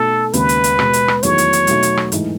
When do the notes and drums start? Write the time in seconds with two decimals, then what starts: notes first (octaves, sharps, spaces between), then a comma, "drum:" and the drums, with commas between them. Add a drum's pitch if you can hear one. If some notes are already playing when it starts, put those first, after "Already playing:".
Already playing: B2 A3 D#4 A4
0.33 D#2 C#3 G#3 B3 B4, drum: hi-hat
0.49 drum: hi-hat
0.64 drum: hi-hat
0.79 B2 G#3 B3, drum: rim click
0.93 drum: hi-hat
1.08 drum: rim click
1.23 E2 D#3 F#3 A3 C#5, drum: hi-hat
1.38 drum: hi-hat
1.53 drum: hi-hat
1.67 B2 F#3 A3 D#4, drum: hi-hat
1.83 drum: hi-hat
1.97 drum: rim click
2.12 G#2 E3 A3 D#4, drum: hi-hat